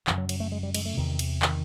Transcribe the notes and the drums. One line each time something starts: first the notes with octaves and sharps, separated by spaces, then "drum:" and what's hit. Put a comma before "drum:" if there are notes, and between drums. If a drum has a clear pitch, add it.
F#2 C#3 E3, drum: clap
F#3
F#3, drum: cymbal
A3
G#3
G3
G#3, drum: cymbal
A3
E2 C3 D#3
drum: cymbal
D#3, drum: clap